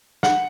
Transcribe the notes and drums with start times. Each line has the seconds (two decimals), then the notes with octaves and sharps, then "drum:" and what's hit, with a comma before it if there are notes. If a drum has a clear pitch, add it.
0.23 F#5, drum: snare